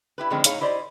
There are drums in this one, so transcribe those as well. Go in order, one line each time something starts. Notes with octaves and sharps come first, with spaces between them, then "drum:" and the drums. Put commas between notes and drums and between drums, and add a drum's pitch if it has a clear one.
E4 G4 B4
A2 D3 D#3 F3 G#3 C4
A2 D#4 G#4 C#5 F5 A#5, drum: hi-hat
E4 G4 C5 D5 D#5